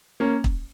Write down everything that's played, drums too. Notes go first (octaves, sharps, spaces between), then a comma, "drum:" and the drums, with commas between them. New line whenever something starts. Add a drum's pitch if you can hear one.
A#3 C#4
drum: kick